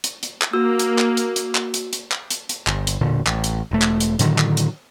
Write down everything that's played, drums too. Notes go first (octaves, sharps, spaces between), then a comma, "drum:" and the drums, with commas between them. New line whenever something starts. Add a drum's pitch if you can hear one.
drum: hi-hat
drum: hi-hat
drum: clap
A#3 F#4 E6
drum: hi-hat
drum: clap
drum: hi-hat
drum: hi-hat
drum: clap
drum: hi-hat
drum: hi-hat
drum: clap
drum: hi-hat
drum: hi-hat
G1, drum: clap
drum: hi-hat
E1 A#2 D3
A1, drum: clap
drum: hi-hat
E1 A3
drum: clap
drum: hi-hat
A2 D3 D#3 F#3, drum: hi-hat
drum: clap
drum: hi-hat